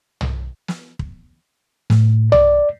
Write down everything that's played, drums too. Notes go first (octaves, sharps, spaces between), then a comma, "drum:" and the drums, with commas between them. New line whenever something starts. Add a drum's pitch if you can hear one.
drum: tom
drum: snare
drum: kick
A2, drum: snare
D5, drum: tom